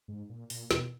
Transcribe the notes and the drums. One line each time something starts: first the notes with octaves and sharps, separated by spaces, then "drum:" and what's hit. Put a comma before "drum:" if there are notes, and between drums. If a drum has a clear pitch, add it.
G#2
A#2
A#2, drum: open hi-hat
E2 B2, drum: snare